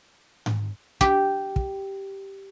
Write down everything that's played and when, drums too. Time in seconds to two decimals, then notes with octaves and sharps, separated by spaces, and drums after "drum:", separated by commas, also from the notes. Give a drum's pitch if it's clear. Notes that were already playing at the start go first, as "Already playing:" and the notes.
0.46 drum: tom G#2
1.01 G4, drum: kick
1.56 drum: kick